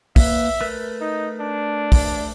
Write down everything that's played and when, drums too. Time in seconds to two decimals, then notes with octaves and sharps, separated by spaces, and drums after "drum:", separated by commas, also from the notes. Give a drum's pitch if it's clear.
0.16 A#3 B4 E5, drum: kick, open hi-hat
0.61 A3 A#4 B4
1.01 D#4
1.40 D4
1.92 drum: kick, open hi-hat